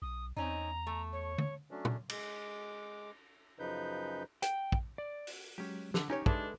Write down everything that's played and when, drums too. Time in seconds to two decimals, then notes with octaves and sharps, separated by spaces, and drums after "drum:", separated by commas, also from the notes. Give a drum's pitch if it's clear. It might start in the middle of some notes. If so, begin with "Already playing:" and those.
0.02 B1 D#6
0.37 E2 C4 C#4 D#4 A#5
0.87 A3
1.12 C#5
1.38 drum: tom
1.71 F#3 A3 C#4 D4
1.85 drum: tom
2.09 G#3 D6, drum: cymbal
3.59 F#2 C#3 F3 D#4 B4 G6
4.42 G5, drum: hi-hat
4.72 drum: kick
4.98 D5
5.27 drum: open hi-hat
5.58 F#3 G#3 C#4 G4
5.94 D3, drum: snare
6.10 C#4 D#4 G4 C#5 G#5
6.26 G#3 D4 A4 B4 E5, drum: kick